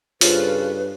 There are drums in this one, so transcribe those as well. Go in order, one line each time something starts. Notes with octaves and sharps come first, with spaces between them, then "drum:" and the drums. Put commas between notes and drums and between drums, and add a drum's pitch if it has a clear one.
G2 C#3 F4 A4 B4 C5, drum: open hi-hat